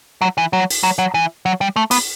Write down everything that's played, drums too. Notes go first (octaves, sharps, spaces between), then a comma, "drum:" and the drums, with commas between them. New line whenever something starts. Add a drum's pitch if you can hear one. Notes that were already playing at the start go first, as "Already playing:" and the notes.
F#3
E3
F#3
drum: open hi-hat
F#3
F#3
E3
F#3
G3
A3
B3, drum: open hi-hat